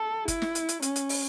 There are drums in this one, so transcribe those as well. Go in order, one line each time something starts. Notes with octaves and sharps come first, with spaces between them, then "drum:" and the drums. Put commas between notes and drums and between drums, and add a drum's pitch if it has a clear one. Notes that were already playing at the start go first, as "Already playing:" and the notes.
Already playing: A4
E4, drum: kick, hi-hat
drum: snare
drum: hi-hat
drum: hi-hat
C#4, drum: hi-hat
drum: hi-hat
drum: open hi-hat